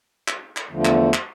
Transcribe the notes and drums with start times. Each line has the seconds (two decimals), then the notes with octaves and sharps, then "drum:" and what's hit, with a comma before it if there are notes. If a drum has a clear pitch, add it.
0.28 drum: clap
0.57 drum: clap
0.71 E2 D3 F3 A3
0.85 drum: clap
1.14 drum: clap